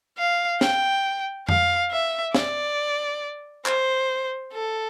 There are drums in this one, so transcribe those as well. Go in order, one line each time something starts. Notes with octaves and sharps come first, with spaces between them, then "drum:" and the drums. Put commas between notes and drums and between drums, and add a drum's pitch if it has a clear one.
F5
G5, drum: snare
F5, drum: tom F2
E5
D5, drum: snare
C5, drum: clap
A4